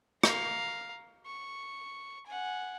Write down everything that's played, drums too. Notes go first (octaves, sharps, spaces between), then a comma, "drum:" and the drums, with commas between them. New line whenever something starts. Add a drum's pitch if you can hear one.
F5 A#5, drum: rim click
C#6
F#5 G#5